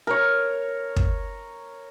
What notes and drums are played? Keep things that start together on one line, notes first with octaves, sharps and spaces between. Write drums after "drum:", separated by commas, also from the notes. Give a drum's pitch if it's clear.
A#4 C#5
drum: kick